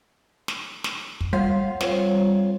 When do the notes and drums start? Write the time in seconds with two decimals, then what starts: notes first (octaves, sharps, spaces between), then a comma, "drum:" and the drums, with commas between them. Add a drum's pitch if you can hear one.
0.48 drum: snare
0.84 drum: snare
1.21 drum: kick
1.33 G3 F5
1.81 F2 C#5 F5, drum: snare